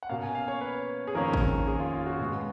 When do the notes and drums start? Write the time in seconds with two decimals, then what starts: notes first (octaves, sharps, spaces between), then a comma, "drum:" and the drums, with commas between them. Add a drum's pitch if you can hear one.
0.03 F#5
0.09 B2 A#3 C#4 F5
0.23 G#5
0.35 F5
0.48 C#5
0.61 B4
1.07 G#4
1.14 F2 D#3 A#3 C#4 A#4
1.33 drum: kick G#1
1.67 G#4
1.80 F4
1.93 F4
2.06 F#4
2.19 B2 G#3 B3 F#4